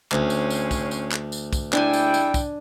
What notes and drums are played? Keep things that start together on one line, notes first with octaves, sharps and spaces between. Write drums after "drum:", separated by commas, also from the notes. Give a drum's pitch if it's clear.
D2 G#3 C4 C#4, drum: clap
drum: tambourine
drum: tambourine
drum: kick, tambourine
drum: tambourine
drum: clap
drum: tambourine
drum: kick, tambourine
G3 G#3 D4 E4 G5 G#5, drum: clap
drum: tambourine
drum: tambourine
drum: kick, tambourine